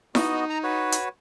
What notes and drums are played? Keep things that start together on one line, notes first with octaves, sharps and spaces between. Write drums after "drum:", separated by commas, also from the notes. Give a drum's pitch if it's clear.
B3 D#4 F#4 D#5, drum: snare E4
A#5
F#4 B4 C#5
drum: hi-hat